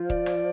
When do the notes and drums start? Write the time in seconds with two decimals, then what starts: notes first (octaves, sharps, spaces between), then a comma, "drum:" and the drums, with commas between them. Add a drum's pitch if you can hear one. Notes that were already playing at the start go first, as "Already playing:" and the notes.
Already playing: F3
0.10 D5, drum: kick D#1
0.26 drum: rim click